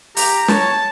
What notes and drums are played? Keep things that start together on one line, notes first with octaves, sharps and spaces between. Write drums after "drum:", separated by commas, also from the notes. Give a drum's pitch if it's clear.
G4 A#5, drum: open hi-hat
C#5 A5, drum: snare